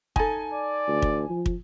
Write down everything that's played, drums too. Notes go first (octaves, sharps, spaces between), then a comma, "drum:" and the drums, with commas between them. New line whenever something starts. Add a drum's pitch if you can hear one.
D#4 A4 G#5, drum: kick
D5
D2
drum: kick
F3
drum: kick